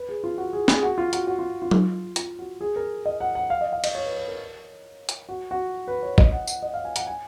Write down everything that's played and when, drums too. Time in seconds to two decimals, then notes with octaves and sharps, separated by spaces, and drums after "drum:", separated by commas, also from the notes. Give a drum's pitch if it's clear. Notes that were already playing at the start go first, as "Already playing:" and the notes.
Already playing: B4
0.09 G#4
0.24 F4
0.38 F#4
0.53 G#4
0.68 G#4, drum: snare
0.83 F#4
0.98 F4
1.13 F#4, drum: hi-hat
1.27 F#4
1.39 F4
1.62 F4
1.71 drum: tom F#3
2.16 F4, drum: hi-hat
2.39 F#4
2.61 G#4
2.76 A#4
3.06 D#5
3.21 F#5
3.35 F#5
3.50 F5
3.61 D#5
3.73 F5
3.84 D#5, drum: cymbal
3.95 C#5
4.06 B4
4.17 B4
4.28 A#4
5.09 drum: hi-hat
5.29 F#4
5.51 F#4
5.88 B4
6.03 C#5
6.18 D#5, drum: kick
6.32 F#5
6.47 F#5, drum: tambourine
6.63 D#5
6.74 F5
6.85 G#5
6.96 F#5, drum: hi-hat
7.07 G#5